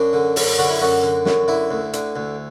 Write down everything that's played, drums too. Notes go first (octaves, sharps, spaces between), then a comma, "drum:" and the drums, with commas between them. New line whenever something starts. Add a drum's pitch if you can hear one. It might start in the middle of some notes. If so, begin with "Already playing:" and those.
Already playing: F#2 D4
D3
F#2, drum: open hi-hat
D3 F#4
E4
F#2 F#4
D3
F#2, drum: snare
D3 E4
D2
D3, drum: hi-hat
D2